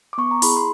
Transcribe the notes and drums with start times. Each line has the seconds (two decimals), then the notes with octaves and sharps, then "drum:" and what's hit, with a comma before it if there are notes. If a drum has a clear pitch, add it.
0.13 D6
0.18 B3 C#6
0.31 A#5
0.42 E4 G#4 B5, drum: open hi-hat
0.57 C6